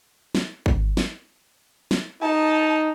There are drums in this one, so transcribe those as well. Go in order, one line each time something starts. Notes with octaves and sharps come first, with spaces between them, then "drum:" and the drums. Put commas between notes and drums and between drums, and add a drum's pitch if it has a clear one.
drum: snare
drum: kick G#1
drum: snare
drum: snare
D#4 A5